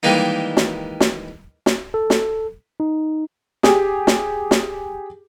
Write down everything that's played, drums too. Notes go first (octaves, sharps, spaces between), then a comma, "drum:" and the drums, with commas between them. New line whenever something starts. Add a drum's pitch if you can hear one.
D#3 E3 G3 G#3 A#3 D#4
drum: snare
drum: snare
drum: snare
A4
drum: snare
D#4
G4 G#4, drum: snare
drum: snare
drum: snare